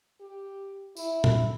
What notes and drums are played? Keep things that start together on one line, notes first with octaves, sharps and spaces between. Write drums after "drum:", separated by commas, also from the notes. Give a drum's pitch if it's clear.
G4
E4, drum: tambourine
drum: tom